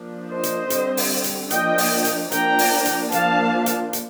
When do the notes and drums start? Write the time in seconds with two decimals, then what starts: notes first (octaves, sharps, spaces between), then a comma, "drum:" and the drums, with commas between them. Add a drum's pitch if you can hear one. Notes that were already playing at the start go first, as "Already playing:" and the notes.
Already playing: F3 A#3 D4
0.30 C5 D#5
0.43 drum: hi-hat
0.70 D3 G3 C4, drum: hi-hat
0.97 drum: open hi-hat
1.24 drum: hi-hat
1.51 F3 A#3 D4 D#5 G5, drum: hi-hat
1.78 drum: open hi-hat
2.05 drum: hi-hat
2.32 F3 A#3 D4 G5 A#5, drum: hi-hat
2.59 drum: open hi-hat
2.85 drum: hi-hat
3.12 F3 A#3 D4 F5 A5, drum: hi-hat
3.66 drum: hi-hat
3.93 drum: hi-hat